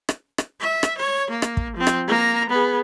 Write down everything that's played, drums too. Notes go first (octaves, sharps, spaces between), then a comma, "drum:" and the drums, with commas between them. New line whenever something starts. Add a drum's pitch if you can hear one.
drum: rim click
drum: rim click
E5
drum: rim click
C#5
A#3
drum: rim click
drum: kick
F3 C4
drum: rim click
A#3 A#5
B3 G#4